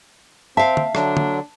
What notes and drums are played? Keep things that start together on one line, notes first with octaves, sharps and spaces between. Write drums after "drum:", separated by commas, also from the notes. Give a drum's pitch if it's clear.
C4 E5 F5 A5
drum: tom
D3 F#3 D4, drum: rim click
drum: tom